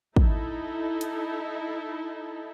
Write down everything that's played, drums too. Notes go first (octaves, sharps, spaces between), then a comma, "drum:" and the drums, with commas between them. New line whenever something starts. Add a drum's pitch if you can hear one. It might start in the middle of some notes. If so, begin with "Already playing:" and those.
D#4 E4 A4, drum: kick
drum: hi-hat